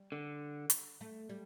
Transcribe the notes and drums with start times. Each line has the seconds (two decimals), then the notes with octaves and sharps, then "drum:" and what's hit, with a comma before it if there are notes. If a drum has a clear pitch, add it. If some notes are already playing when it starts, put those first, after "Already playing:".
Already playing: G3
0.12 D3
0.70 drum: hi-hat
1.01 A3
1.29 G3